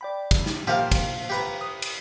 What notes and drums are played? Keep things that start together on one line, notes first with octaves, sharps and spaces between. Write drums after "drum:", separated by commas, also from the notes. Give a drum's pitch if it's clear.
D5 G5 B5
drum: kick, cymbal
drum: snare
A#2 F3 G4 A#4 C5 F5 F#5
drum: kick, cymbal
G4 B4 A#5
D#6
drum: cymbal